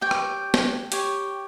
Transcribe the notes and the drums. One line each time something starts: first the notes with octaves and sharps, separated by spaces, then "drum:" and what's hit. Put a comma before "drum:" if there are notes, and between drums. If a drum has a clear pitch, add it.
G4 C#5 G5
drum: rim click
drum: snare
G4 C#5, drum: hi-hat